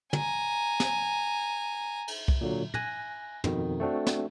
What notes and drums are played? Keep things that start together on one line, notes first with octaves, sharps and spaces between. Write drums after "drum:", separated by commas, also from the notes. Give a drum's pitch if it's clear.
G#5 A#5, drum: tom
drum: snare
drum: cymbal
drum: kick C2
A#2 D3 F#3
G#5 F#6 A#6, drum: tom
F2 B2 D#3, drum: tom
A3 C4 D4 F#4
drum: snare